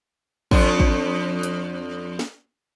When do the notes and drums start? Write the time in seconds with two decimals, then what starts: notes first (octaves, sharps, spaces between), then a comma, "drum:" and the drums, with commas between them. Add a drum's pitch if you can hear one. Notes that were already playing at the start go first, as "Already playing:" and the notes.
0.51 F2 D4, drum: kick
0.80 drum: kick
1.43 drum: hi-hat
2.19 drum: snare